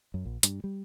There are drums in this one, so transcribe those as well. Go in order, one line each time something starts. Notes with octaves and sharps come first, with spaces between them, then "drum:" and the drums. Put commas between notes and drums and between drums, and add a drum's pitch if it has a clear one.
F#2
A#1
G2, drum: hi-hat
G3